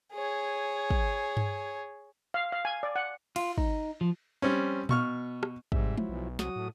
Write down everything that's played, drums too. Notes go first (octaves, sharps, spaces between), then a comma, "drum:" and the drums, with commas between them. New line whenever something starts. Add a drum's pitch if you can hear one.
G#4 C#5
drum: kick
drum: tom G2
F5
F5
G#5
D5
F#5
F4, drum: cymbal
D#4, drum: kick
F3
G3 C4 C#4
B2 C#6 F6, drum: tom A#2
drum: rim click
G#2 C3 G3 E5, drum: kick
F3 F#3 E4, drum: tom G#3
B1
C2 F#3 F#4 D#6, drum: snare
A2